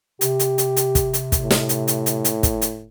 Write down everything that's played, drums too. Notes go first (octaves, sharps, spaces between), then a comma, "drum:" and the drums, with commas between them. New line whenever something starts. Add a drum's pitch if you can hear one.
C3 G4, drum: hi-hat
drum: hi-hat
drum: hi-hat
drum: hi-hat
drum: kick, hi-hat
drum: hi-hat
drum: kick, hi-hat
A2
drum: snare
drum: hi-hat
drum: hi-hat
drum: hi-hat
drum: hi-hat
drum: kick, hi-hat
drum: hi-hat